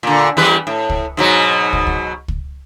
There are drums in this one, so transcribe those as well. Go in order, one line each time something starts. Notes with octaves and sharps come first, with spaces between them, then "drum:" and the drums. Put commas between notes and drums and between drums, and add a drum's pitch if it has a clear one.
A#2 D3
E2 G3 B4
A2
drum: kick
G#2 B2 F#3
drum: kick
drum: kick
drum: kick